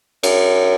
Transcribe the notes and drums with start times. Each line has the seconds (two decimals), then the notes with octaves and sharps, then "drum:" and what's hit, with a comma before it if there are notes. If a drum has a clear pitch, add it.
0.23 F#2, drum: cymbal